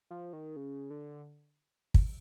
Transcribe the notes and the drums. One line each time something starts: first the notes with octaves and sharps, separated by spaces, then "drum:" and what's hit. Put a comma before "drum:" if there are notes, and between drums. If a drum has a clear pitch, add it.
F3
D#3
C#3
D3
drum: kick